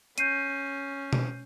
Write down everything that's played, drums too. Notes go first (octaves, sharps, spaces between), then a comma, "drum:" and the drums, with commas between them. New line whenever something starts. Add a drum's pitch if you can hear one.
C#4 G6 C7 D#7, drum: hi-hat
drum: tom B2